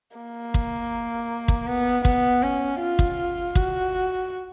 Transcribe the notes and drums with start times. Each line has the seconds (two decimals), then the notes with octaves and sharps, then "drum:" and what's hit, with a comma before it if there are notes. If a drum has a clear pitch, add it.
0.16 A#3
0.54 drum: kick
1.48 drum: kick
1.67 B3
2.05 B3, drum: kick
2.42 C#4
2.80 F4
2.99 drum: kick
3.55 F#4, drum: kick